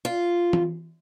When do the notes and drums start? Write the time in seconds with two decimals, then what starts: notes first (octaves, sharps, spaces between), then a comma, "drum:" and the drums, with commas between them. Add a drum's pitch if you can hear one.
0.05 F4
0.53 drum: tom E3